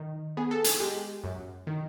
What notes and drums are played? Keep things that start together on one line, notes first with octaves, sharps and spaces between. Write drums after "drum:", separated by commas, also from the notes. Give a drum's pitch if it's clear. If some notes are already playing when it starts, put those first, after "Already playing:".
Already playing: D#3
B3 G#4
A4
G#4, drum: hi-hat
G#3 G4
F#2
D#3